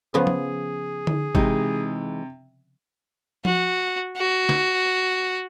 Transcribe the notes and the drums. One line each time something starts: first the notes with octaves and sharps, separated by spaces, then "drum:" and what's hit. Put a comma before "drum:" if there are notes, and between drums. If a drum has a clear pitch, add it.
C#3 F3 B3 G#4
drum: tom F3
drum: tom D3
C3 E3 G#3 D#4, drum: kick
F#4, drum: tom F3
F#4
drum: snare